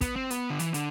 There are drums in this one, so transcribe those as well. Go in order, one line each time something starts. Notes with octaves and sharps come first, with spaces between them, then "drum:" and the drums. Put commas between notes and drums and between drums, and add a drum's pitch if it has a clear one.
B3, drum: kick, hi-hat
C4
B3, drum: hi-hat
D3
E3, drum: hi-hat
D3, drum: hi-hat